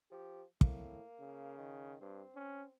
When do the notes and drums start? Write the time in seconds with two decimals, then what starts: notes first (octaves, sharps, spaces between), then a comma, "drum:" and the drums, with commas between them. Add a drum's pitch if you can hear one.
0.11 F3 G4
0.61 A2 A#3, drum: kick
1.20 C#3
1.58 D#3
2.01 G2 C4
2.35 C#4